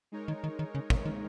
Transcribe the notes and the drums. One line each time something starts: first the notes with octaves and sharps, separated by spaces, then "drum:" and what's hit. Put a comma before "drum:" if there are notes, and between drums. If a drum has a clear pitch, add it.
G#3 D#4 A#4 C#5
D#3
D#3
D#3
C#3
A#2, drum: kick
D#3